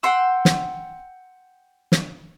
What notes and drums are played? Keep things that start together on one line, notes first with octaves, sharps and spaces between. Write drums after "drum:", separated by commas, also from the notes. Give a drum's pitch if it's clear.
F#5 G5 C6 E6
drum: snare
drum: snare